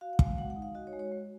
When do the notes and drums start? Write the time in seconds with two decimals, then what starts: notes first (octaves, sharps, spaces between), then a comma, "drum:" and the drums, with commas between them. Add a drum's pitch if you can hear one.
0.01 F#4 F5
0.13 F#5
0.19 G#3, drum: kick
0.26 F5
0.38 G#3 F#5
0.50 F#5
0.56 D#4
0.62 F5
0.75 F#4 D#5
0.87 C#5
0.93 G#3
0.99 C#5
1.12 G#3